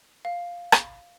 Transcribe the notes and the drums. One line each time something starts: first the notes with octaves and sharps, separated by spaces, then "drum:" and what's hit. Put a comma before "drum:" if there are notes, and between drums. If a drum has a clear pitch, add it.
F5
drum: rim click